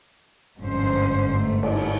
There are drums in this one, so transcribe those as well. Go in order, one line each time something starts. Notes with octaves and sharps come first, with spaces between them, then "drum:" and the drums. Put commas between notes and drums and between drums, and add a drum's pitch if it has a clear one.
G1 F2 G#2 C#4 C5
A3
drum: cymbal